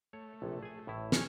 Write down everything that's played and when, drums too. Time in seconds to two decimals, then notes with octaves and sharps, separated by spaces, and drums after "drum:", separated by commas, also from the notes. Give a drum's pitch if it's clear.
0.13 A3 C#5
0.42 A#1 C3
0.63 G#4 G#5
0.87 A1 A2 E4
1.12 C#4 G#4 F6, drum: snare